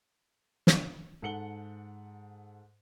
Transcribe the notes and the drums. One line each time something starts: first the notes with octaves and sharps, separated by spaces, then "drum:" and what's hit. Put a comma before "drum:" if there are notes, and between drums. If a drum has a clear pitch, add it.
drum: snare
G#2 A4 F#5 C#7 F#7 G7